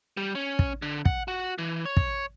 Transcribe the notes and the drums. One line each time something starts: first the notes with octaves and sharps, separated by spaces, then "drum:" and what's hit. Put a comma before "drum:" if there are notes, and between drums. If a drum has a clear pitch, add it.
G3
C#4
drum: kick
D3
F#5, drum: kick
F#4
E3
C#5
drum: kick